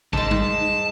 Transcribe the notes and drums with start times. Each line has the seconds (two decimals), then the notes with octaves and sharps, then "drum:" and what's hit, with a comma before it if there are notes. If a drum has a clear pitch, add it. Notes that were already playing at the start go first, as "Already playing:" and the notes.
0.13 G#2 G#3 A5, drum: kick G#1
0.31 drum: tom G3